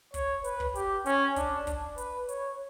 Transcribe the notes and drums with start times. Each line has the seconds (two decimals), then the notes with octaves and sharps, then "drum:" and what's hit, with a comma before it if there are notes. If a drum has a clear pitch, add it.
0.14 C#5, drum: kick, hi-hat
0.44 B4, drum: hi-hat
0.60 drum: kick
0.75 G4, drum: hi-hat
1.06 C#4, drum: hi-hat
1.36 D4, drum: kick, hi-hat
1.67 D4, drum: kick, hi-hat
1.98 B4, drum: hi-hat
2.29 C#5, drum: hi-hat